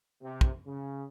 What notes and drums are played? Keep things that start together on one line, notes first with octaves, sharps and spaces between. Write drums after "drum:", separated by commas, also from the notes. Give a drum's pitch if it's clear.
C3
drum: kick
C#3